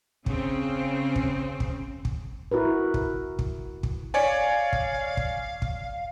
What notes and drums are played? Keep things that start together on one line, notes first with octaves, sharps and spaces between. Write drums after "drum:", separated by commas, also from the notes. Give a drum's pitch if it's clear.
C#3 C4, drum: kick
drum: kick
drum: kick
drum: kick
E4 F#4 A#4 B4
drum: kick
drum: kick
drum: kick
C#5 D5 F5 G#5
drum: kick
drum: kick
drum: kick